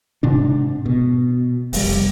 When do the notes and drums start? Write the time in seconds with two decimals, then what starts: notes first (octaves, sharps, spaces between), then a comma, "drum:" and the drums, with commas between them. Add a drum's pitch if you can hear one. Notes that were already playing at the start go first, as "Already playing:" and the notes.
0.23 G#2 C3 D4
0.86 B2
1.73 F1 G3, drum: open hi-hat